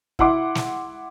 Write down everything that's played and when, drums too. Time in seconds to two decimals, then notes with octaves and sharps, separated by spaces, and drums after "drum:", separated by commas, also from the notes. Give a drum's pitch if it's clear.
0.19 E4 F#5 C6 D6, drum: kick
0.55 drum: snare